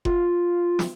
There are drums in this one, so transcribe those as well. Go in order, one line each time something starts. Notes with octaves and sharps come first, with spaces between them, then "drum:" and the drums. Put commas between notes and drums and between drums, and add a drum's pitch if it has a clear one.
F4, drum: kick F#1
drum: snare